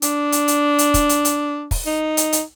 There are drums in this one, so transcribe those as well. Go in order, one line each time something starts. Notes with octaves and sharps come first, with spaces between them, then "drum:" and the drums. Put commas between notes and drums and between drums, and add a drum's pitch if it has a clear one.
D4, drum: hi-hat
drum: hi-hat
drum: hi-hat
drum: hi-hat
drum: kick, hi-hat
drum: hi-hat
drum: hi-hat
drum: kick, open hi-hat
D#4
drum: hi-hat
drum: hi-hat